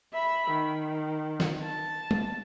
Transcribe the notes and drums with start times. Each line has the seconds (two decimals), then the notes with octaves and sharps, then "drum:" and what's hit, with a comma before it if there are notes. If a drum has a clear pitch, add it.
0.13 E5 B5
0.51 D#3
1.40 drum: snare
1.63 A5
2.11 drum: tom G3